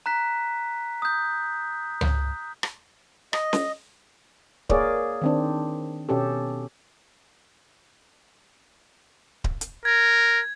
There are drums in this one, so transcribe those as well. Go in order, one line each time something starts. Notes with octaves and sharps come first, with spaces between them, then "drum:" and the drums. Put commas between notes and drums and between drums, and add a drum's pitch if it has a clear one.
A#5 F#6 B6
D#6 G6
drum: tom C#2
drum: rim click
D#5, drum: rim click
drum: snare C#4
A#3 G#4 A#4 C#5 D5, drum: kick D1
D#3 C4 D4
B2 C#4 G4 A4
drum: kick D1
drum: hi-hat
A#4 G#6